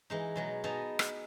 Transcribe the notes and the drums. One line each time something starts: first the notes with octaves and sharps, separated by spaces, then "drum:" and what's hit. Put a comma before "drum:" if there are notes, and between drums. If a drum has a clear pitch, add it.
E3 G#3 D#4
B2 F#3 G#3
B3 D#4 G#4 D#5 A5 A#5
drum: rim click